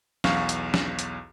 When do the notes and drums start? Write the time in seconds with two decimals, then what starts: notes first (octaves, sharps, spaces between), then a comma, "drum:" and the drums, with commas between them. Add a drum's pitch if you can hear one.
0.24 B1 E2 F5 C#6, drum: snare
0.49 drum: hi-hat
0.74 drum: snare
0.99 drum: hi-hat